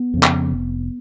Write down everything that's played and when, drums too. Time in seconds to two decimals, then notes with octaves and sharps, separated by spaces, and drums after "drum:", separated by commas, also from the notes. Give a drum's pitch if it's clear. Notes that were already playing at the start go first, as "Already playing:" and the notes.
Already playing: B3
0.14 F2 C#3
0.23 drum: clap
0.51 F1